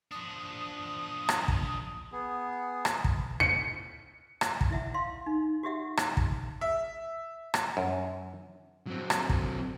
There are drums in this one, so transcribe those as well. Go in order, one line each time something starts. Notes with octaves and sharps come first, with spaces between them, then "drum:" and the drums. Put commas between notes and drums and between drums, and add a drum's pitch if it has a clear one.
F3 D4 D#6
drum: rim click
drum: kick
B3 G#4
drum: rim click
drum: kick
C#7
drum: rim click
drum: kick
E4 E5 F#5
F5 C6
D#4
F#4 G4 E5 F#5
drum: rim click
drum: kick
E5
drum: rim click
F#2
F#3 C4
drum: rim click
drum: kick